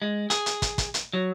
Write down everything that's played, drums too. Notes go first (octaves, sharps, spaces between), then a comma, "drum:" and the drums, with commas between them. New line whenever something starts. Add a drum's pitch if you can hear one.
G#3
G#4, drum: hi-hat
drum: hi-hat
drum: kick, hi-hat
drum: kick, hi-hat
drum: hi-hat
F#3